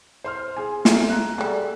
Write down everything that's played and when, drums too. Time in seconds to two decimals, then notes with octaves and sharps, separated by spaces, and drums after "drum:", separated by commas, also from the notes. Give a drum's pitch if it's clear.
0.24 C5 C6 F6
0.57 G#4 G#5
0.85 A3 D#4 F4, drum: snare
1.10 A#5 F#6
1.38 G3 E4 G#4 A4 F#5